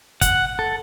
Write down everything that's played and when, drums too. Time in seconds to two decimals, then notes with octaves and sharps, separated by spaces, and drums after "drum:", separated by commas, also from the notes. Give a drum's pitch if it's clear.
0.21 F#5, drum: kick, hi-hat
0.59 A4